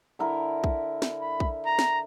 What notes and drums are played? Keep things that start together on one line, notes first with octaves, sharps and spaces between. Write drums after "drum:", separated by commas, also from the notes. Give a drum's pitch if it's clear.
D3 E4 A#4
drum: kick
drum: snare
B5
drum: kick
A#5
drum: snare